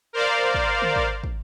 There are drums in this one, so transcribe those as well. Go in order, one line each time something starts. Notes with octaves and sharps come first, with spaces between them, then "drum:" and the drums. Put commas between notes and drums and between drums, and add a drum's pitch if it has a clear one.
A#4 C5 D5 F5
drum: kick
drum: tom D3
drum: kick
drum: kick